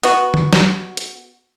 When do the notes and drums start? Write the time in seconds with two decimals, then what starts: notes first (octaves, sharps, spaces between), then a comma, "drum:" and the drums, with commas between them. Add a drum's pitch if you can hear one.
0.03 B3 F#4, drum: hi-hat
0.34 drum: tom D3
0.53 drum: snare
0.97 drum: hi-hat